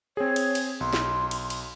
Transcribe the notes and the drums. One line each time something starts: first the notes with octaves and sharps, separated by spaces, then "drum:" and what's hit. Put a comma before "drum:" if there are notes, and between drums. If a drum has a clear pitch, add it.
C4 G#4 C#5
drum: cymbal
drum: cymbal
B1 C6
drum: snare
drum: cymbal
drum: cymbal